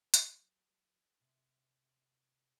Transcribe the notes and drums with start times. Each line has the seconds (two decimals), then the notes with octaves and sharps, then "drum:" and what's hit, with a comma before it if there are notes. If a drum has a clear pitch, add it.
0.14 F#3, drum: hi-hat
1.20 C3